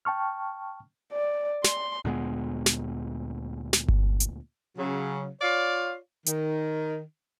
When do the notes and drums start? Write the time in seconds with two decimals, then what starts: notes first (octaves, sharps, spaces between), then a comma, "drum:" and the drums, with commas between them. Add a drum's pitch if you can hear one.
0.05 G5 A5 C#6 F6
1.12 D5
1.64 C6, drum: snare
2.05 D2 A#2 G#3 B3
2.66 drum: snare
3.73 drum: snare
3.88 drum: kick G1
4.20 drum: hi-hat
4.77 C#3 F#3
5.42 F4 C#5 D5 F5
6.26 D#3, drum: hi-hat